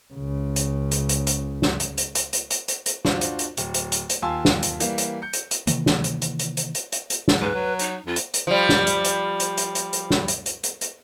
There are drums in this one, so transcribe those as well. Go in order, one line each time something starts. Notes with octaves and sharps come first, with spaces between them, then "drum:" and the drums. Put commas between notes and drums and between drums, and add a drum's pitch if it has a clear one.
C#2 C#3
drum: hi-hat
drum: hi-hat
drum: hi-hat
drum: hi-hat
drum: snare
drum: hi-hat
drum: hi-hat
drum: hi-hat
drum: hi-hat
drum: hi-hat
drum: hi-hat
drum: hi-hat
D4 F4 F#4 C5, drum: snare
drum: hi-hat
drum: hi-hat
D1, drum: hi-hat
drum: hi-hat
drum: hi-hat
drum: hi-hat
D#2 F4 G#5 A5 C6 E6
drum: snare
drum: hi-hat
E3 G3 A#3, drum: hi-hat
drum: hi-hat
G6 C#7
drum: hi-hat
drum: hi-hat
C3 D#3 E3 A#3, drum: hi-hat
drum: snare
drum: hi-hat
drum: hi-hat
drum: hi-hat
drum: hi-hat
drum: hi-hat
drum: hi-hat
drum: hi-hat
drum: snare
G#2 B4
F#3
D#4, drum: hi-hat
F2 F4
drum: hi-hat
drum: hi-hat
F3 G3
drum: snare
drum: hi-hat
drum: hi-hat
drum: hi-hat
drum: hi-hat
drum: hi-hat
drum: hi-hat
drum: snare
drum: hi-hat
drum: hi-hat
drum: hi-hat
drum: hi-hat